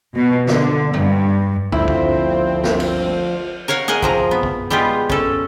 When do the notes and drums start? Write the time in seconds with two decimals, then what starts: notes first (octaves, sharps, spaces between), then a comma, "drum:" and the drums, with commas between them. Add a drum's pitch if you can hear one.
0.15 B2
0.47 D3, drum: snare
0.93 G2, drum: tom G2
1.72 G1 D2 F3 C4 E4 C5, drum: kick
1.88 drum: kick
2.64 drum: snare
2.80 drum: cymbal
3.68 A#4 C#5 F5 F#5
3.88 G#4 A#4 D#5 F#5 G#5
4.02 C3 F3 A#5, drum: kick
4.31 B3
4.43 drum: kick
4.70 G3 G#3 B3 F4 G4
5.10 C#4 A4, drum: kick